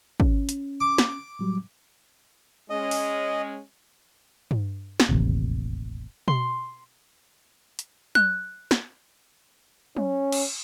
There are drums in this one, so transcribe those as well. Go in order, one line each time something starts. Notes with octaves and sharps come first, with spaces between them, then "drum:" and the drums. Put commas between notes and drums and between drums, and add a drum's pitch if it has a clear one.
C#4, drum: kick
drum: hi-hat
D6
drum: snare
A2 F#3 G3
G#3 C#4 D#5
drum: open hi-hat
drum: tom G2
drum: snare
E1 A1 D#2 C3
C6, drum: tom B2
drum: hi-hat
F#6, drum: tom F#3
drum: snare
C#4, drum: tom F#3
drum: cymbal